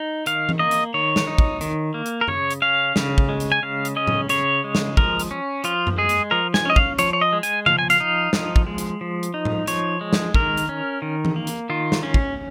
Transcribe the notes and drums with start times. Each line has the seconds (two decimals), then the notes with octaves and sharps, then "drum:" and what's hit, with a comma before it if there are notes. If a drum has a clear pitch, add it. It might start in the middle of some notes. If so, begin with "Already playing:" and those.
Already playing: D#4
0.26 D#3 F5, drum: hi-hat
0.49 drum: tom E3
0.59 A#3 D#5
0.71 drum: hi-hat
0.94 D#3 C#5
1.16 drum: snare
1.27 D#4
1.38 drum: kick
1.61 D#3, drum: hi-hat
1.94 A#3
2.06 drum: hi-hat
2.21 A#4
2.28 C#3 C#5, drum: tom F#2
2.51 drum: hi-hat
2.62 C#4 F5
2.96 C#3, drum: snare
3.18 drum: kick
3.29 G#3
3.40 drum: hi-hat
3.52 G#5
3.63 C#3 F5
3.85 drum: hi-hat
3.96 C#4 D#5
4.07 drum: tom A2
4.29 C#3 C#5, drum: hi-hat
4.64 G#3
4.75 drum: snare
4.97 F3 A#4, drum: kick
5.20 drum: hi-hat
5.31 C#4
5.64 F3 F4, drum: hi-hat
5.87 drum: tom F#2
5.98 G#3 G#4
6.09 drum: hi-hat
6.31 F3 A#4
6.54 G#5, drum: snare
6.65 C#4 D#5
6.76 F5, drum: kick
6.99 F3 C#5, drum: hi-hat
7.13 C#5
7.21 D#5
7.33 G#3
7.43 G#5, drum: hi-hat
7.66 F3 F5, drum: tom C#3
7.79 G#5
7.90 F5, drum: hi-hat
8.00 D#4
8.33 F3, drum: snare
8.56 drum: kick
8.67 G#3
8.78 drum: hi-hat
9.01 F3
9.23 drum: hi-hat
9.34 D#4
9.45 drum: tom A2
9.67 F3 C#5, drum: hi-hat
10.01 G#3
10.13 drum: snare
10.34 D#3 A#4, drum: kick
10.57 drum: hi-hat
10.69 C#4
11.02 D#3
11.25 drum: tom E3
11.36 A#3
11.47 drum: hi-hat
11.70 D#3 F4
11.92 drum: snare
12.03 C#4
12.14 drum: kick